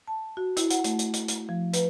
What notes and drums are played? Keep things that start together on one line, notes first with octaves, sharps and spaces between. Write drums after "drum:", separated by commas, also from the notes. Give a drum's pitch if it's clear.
A5
F#4
E4, drum: hi-hat
F#5, drum: hi-hat
A3, drum: hi-hat
drum: hi-hat
drum: hi-hat
drum: hi-hat
F3
B4, drum: hi-hat